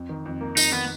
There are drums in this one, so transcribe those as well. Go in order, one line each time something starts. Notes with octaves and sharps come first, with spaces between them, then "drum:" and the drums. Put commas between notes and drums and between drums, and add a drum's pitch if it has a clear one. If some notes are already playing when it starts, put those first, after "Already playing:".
Already playing: F2
D#3
F2
A#3
F2 D#4, drum: tambourine
D#3 B3